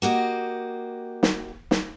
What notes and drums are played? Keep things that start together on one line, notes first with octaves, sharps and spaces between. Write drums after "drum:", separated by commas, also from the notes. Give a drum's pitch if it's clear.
A#3 F#4 G4 D#5
drum: snare
drum: snare